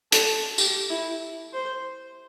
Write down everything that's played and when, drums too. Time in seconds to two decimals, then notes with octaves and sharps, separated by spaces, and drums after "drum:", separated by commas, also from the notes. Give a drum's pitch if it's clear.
0.12 A4, drum: hi-hat
0.58 G4, drum: tambourine
0.90 E4
1.53 C5